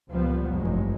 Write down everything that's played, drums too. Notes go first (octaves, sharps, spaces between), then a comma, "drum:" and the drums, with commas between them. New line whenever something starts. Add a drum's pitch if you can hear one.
C#2 A#2 F3 G3 B3
F1 G2 F#3 G#3
drum: kick G#1